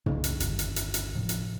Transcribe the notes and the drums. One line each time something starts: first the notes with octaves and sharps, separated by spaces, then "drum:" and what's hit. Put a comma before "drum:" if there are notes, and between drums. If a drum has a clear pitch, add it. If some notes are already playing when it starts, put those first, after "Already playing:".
C2 C#3, drum: tom
drum: hi-hat
G1 D#2, drum: hi-hat
drum: hi-hat
drum: hi-hat
drum: hi-hat
A2 C3 F3
drum: hi-hat